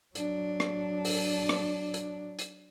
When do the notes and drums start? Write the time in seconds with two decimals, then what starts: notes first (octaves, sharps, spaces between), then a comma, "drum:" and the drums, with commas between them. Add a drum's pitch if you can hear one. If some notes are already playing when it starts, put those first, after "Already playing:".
0.15 F#3 D4, drum: hi-hat
0.60 drum: rim click
1.05 drum: open hi-hat
1.49 drum: rim click
1.94 drum: hi-hat
2.39 drum: hi-hat